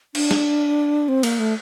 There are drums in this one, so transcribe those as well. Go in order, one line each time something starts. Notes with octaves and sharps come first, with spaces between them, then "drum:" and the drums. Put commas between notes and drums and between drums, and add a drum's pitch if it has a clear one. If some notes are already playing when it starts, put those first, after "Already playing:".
D4, drum: cymbal
drum: snare
C4
A#3, drum: cymbal
A3